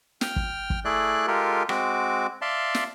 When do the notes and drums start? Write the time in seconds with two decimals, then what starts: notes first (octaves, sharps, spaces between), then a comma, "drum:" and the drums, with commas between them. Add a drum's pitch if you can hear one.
0.21 G5 F6, drum: snare
0.36 drum: kick
0.70 drum: kick
0.85 A3 E4 G#4 D5 F#6
1.27 G#3 F4 G4 A4 A#4
1.69 G#3 C4 F#4 D6, drum: rim click
2.42 D5 E5 F5 A5 C6
2.75 drum: snare